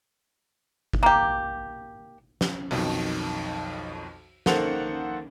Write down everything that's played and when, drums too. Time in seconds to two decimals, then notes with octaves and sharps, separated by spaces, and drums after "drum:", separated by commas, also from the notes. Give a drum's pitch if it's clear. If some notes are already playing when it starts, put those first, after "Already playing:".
0.93 drum: kick G1
1.03 A#3 G4
2.41 drum: snare
2.71 B1 F2 B2 D#3, drum: open hi-hat
4.46 D#3 A#3 A4 C5 F#5 F7, drum: snare